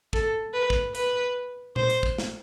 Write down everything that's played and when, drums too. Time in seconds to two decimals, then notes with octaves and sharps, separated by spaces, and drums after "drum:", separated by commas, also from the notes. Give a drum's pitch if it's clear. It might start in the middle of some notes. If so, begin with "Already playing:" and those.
0.13 A4, drum: kick
0.54 B4
0.70 drum: kick
0.95 B4, drum: hi-hat
1.76 C5, drum: tom A#2
1.90 drum: hi-hat
2.03 drum: kick
2.18 drum: snare